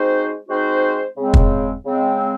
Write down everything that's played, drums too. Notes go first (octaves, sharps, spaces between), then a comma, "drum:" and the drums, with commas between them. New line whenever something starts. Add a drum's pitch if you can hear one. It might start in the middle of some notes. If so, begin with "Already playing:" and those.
Already playing: G#3 C4 D#4 F#4 C5
G#3 C4 D#4 F#4 C5
C#3 G#3 C4
drum: kick
C#3 G#3 C4